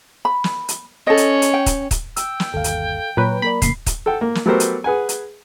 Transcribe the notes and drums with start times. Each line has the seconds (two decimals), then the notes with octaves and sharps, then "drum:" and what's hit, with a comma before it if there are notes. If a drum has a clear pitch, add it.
0.25 B5
0.44 drum: snare
0.68 drum: hi-hat
1.07 C#4 A4 D#5
1.17 drum: hi-hat
1.42 drum: hi-hat
1.54 G5
1.66 drum: kick, hi-hat
1.91 drum: kick, hi-hat
2.16 G5 E6, drum: hi-hat
2.40 drum: snare
2.54 G1 D#2 A4 F5
2.64 drum: hi-hat
3.17 A#2 F#3 B4 C#5 A#5
3.42 A#3 A#4 D5 B5
3.62 F2 A2 C#3 A#3 C7, drum: kick, hi-hat
3.86 drum: kick, hi-hat
4.06 A4 F#5 G5
4.21 A#3
4.35 drum: snare
4.46 F#3 A3 B3 G4 A#4 C5
4.60 drum: hi-hat
4.84 G#4 B4 F#5 G#5
5.09 drum: hi-hat